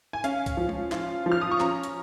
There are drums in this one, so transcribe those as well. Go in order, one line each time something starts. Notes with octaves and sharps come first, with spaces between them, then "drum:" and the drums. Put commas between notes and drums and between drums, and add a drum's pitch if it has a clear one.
G#5
C#4 F5, drum: hi-hat
drum: kick, hi-hat
F3
drum: tom G#3
F4, drum: clap
F3
F6
D#6
C#6
C#4 A#5, drum: clap
drum: hi-hat